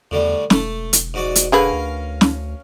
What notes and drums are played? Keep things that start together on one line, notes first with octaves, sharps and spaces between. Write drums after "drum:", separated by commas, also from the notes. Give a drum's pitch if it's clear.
E2 A2 D3 G3
E1 A3 A4, drum: snare
drum: hi-hat
G#2 F#4 D5
drum: hi-hat
D3 C#4 G#4 A#4 B4 F5
D2
drum: snare